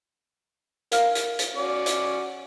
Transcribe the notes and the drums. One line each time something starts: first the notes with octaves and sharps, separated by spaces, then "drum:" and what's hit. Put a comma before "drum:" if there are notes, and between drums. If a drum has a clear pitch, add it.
A#4 F5 F6, drum: hi-hat
drum: hi-hat
drum: hi-hat
C#4 F#4 D5
drum: hi-hat